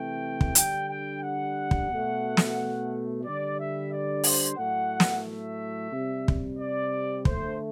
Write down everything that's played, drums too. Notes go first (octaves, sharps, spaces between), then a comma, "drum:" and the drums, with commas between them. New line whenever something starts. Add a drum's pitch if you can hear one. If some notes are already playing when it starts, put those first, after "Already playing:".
Already playing: C3 E3 A3 G5
drum: kick
D3 G3 G5, drum: hi-hat
G5
F#5
drum: kick
B2 A3
drum: snare
D3 G3 D5
E5
D5
C5, drum: open hi-hat
A2 F#3 A3 F#5
drum: snare
E5
C3 G3
drum: kick
D5
D3 A3 C5, drum: kick